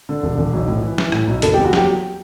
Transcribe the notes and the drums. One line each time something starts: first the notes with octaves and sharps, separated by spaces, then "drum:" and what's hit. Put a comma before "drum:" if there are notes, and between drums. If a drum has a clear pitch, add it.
D3
E1
E1
B1
A2
E3
E3, drum: snare
A2, drum: rim click
B1
F#1 A4, drum: hi-hat
E2 G4
F#4
F#3 G4, drum: snare